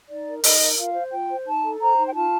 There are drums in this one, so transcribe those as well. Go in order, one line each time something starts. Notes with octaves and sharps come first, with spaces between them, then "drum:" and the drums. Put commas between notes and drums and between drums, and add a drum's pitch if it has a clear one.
D#4 D5
A#4
D#4 D#5, drum: open hi-hat
A#4
F4 F5
C5
F4 G5
C5
D#4 A5
A4
C5 A#5
D#4
G5
F4 A5